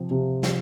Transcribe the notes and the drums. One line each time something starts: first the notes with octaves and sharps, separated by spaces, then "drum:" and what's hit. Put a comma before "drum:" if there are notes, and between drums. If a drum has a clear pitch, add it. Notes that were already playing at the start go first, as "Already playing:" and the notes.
Already playing: C3 F3 C4
C3
F3, drum: snare